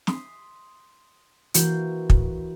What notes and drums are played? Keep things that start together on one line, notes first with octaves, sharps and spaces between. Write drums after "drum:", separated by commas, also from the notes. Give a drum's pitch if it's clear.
C6 D#6 B6 C7, drum: snare
E3 A#3 F#4 B4 C5 G6, drum: hi-hat
drum: kick